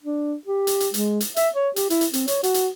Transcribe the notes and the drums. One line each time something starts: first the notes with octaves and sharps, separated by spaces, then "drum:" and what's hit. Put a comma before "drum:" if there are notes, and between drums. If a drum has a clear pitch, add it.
D4
G4
drum: hi-hat
drum: hi-hat
G#3, drum: hi-hat
drum: hi-hat
E5, drum: hi-hat
C#5
G4, drum: hi-hat
E4, drum: hi-hat
drum: hi-hat
C4, drum: hi-hat
C#5, drum: hi-hat
F#4, drum: hi-hat
drum: hi-hat